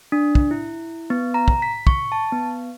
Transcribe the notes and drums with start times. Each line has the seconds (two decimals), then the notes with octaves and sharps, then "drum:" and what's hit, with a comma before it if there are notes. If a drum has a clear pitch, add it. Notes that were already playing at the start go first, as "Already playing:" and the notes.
0.12 D4
0.35 drum: kick
0.51 E4
1.10 B3
1.34 A#5
1.48 drum: kick
1.62 B6
1.87 C#6, drum: kick
2.12 A5
2.32 B3